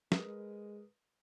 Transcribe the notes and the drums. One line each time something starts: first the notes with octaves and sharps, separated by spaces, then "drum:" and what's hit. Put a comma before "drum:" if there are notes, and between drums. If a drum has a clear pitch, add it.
G#3 A#4 B4 D#6, drum: snare